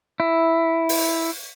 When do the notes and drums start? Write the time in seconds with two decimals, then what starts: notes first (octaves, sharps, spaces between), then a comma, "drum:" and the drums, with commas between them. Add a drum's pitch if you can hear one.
0.20 E4
0.89 drum: open hi-hat